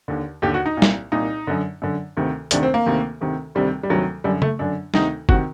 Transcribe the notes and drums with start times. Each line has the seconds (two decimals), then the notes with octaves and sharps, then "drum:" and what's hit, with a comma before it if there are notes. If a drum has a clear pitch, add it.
0.08 D#2 D3
0.42 D#2 D3 G4
0.54 F#4
0.66 D#4
0.77 A#2
0.82 C2, drum: snare
1.12 C2 A#2 D#4
1.47 F#2 D3
1.82 F#2 D3
2.17 D2 C3 D#3
2.51 D2 C3 D#3 D4, drum: hi-hat
2.63 C4
2.74 A#3
2.86 D2 C3 D#3
3.21 D2 C3 D#3
3.55 D2 C3 D#3 G3
3.83 G3
3.90 D2 C3 D#3 F#3
4.24 F#2 D3 G3
4.42 A3, drum: tom C#3
4.59 F#2 D3 D4
4.94 D2 C3 D#3 D#4, drum: snare
5.29 C3 D#3 F#4, drum: kick